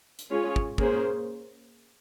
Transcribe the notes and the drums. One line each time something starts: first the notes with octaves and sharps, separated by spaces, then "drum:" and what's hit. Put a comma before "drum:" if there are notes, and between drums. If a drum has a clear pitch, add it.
drum: hi-hat
G#3 C#4 F4 G#4 C#5
drum: kick
A#3 C#4 G#4 C5, drum: kick